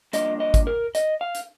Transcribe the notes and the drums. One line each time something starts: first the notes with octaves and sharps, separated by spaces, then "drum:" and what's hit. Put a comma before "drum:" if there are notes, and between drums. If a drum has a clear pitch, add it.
G2 F3 A#3 D4 D#5, drum: hi-hat
D#5
drum: kick G#1, hi-hat
A#4
D#5, drum: hi-hat
F5
drum: hi-hat